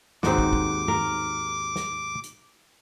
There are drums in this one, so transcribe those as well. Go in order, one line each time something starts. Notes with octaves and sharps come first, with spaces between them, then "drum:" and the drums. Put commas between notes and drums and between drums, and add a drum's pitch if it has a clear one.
D#2 G#2 C4 D#4 F#4 D6, drum: snare
drum: kick
drum: kick
A#4, drum: tom G2
drum: snare
drum: hi-hat